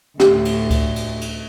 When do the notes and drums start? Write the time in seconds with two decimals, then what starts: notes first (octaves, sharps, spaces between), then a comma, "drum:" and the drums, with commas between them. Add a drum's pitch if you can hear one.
0.20 D2 A2 G4, drum: snare
0.45 drum: cymbal
0.70 drum: kick C#2, cymbal
0.96 drum: cymbal
1.21 drum: cymbal